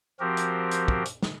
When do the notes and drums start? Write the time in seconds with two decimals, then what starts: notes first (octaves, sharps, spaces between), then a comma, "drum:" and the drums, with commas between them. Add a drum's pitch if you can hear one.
0.20 F3 C4 F#4 G4 A#4
0.37 drum: hi-hat
0.71 drum: hi-hat
0.88 drum: kick
1.05 drum: hi-hat
1.23 drum: snare